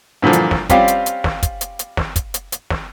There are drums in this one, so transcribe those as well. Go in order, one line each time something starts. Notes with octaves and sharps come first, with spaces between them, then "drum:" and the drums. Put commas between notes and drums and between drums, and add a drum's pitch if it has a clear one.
G2 A#2 D3 E3 F3
drum: hi-hat
drum: snare
G3 C4 C#4 F4 G4 F5, drum: kick, hi-hat
drum: hi-hat
drum: hi-hat
drum: snare
drum: kick, hi-hat
drum: hi-hat
drum: hi-hat
drum: snare
drum: kick, hi-hat
drum: hi-hat
drum: hi-hat
drum: snare